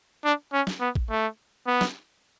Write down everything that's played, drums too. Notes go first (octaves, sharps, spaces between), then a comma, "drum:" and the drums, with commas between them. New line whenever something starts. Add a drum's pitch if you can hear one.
D4
C#4
drum: snare
B3
drum: kick
A3
B3
drum: snare